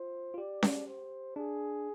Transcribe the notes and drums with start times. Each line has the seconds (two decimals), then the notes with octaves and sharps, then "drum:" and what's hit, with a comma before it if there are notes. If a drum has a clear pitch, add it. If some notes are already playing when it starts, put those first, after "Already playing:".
Already playing: F4 C5
0.34 F4
0.38 G4 D5
0.63 drum: snare C#4
0.87 C5
1.36 D4 G#4